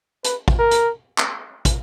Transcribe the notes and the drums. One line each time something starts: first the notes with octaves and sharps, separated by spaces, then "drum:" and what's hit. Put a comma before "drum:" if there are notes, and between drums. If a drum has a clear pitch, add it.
B4, drum: hi-hat
drum: kick
A#4
drum: hi-hat
drum: clap
drum: kick, hi-hat